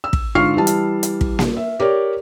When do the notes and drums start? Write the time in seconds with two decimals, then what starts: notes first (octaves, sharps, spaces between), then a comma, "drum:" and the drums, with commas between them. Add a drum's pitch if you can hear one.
0.04 E6
0.13 drum: kick
0.35 G#2 D3 F4 C#6 F6 C7
0.56 E3 G3 A5
0.67 drum: hi-hat
1.03 drum: hi-hat
1.21 drum: kick
1.39 drum: snare A#3
1.57 E5
1.80 G4 A#4 C#5 D5